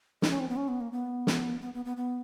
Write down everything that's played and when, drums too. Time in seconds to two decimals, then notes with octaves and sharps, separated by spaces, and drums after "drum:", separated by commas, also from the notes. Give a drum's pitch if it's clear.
0.22 D#4, drum: snare
0.30 C#4
0.40 C4
0.49 B3
0.56 C#4
0.68 B3
0.81 A#3
0.92 B3
1.27 drum: snare
1.61 B3
1.74 B3
1.85 B3
1.97 B3